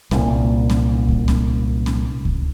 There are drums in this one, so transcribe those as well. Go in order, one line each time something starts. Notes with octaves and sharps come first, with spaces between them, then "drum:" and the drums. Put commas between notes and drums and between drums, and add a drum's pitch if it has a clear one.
C2 A#2, drum: snare C#4
drum: snare C#4
drum: kick C#2
drum: snare C#4
drum: snare C#4
drum: kick C#2